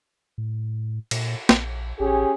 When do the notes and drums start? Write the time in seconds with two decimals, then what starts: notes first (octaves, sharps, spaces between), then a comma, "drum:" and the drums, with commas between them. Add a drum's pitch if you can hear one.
0.38 A2
1.11 A#2, drum: cymbal
1.49 A#1, drum: snare
2.00 A1 C#4 G4 G#4